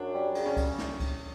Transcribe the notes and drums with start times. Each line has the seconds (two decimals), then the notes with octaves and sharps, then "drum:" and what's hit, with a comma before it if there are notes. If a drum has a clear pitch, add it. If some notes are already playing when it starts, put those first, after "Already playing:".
Already playing: F#2 D4
0.14 G3
0.35 C#3, drum: cymbal
0.46 C#4
0.57 drum: kick C#2, cymbal
0.78 drum: snare
1.00 drum: kick C#2, cymbal